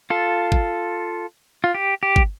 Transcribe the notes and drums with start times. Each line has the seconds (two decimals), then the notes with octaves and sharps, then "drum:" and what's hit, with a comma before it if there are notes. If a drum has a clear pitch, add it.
0.10 F4 A4
0.52 drum: kick
1.64 F4
1.74 G4
2.03 G4
2.16 drum: kick